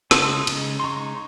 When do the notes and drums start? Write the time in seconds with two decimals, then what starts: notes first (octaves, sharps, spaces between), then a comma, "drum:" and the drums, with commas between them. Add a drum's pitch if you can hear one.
0.11 C#3 G#3 D#4 C6 D#6, drum: snare
0.47 C#3 G#3 D#4, drum: cymbal
0.80 C6
0.83 C#3 G#3 D#4 A#5 C#6